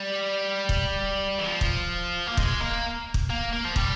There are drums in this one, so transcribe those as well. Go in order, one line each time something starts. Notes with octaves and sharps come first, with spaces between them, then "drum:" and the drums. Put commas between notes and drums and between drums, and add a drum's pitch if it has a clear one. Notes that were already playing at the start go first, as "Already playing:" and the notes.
Already playing: G3
drum: kick
E3
F3
drum: kick
A#3
G#3, drum: kick
A#3
drum: kick
A#3
A#3
F3
G3, drum: kick